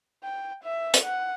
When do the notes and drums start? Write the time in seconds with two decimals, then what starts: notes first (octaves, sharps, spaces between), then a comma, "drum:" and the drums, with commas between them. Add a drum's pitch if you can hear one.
0.24 G5
0.64 E5
0.94 drum: hi-hat
1.04 F#5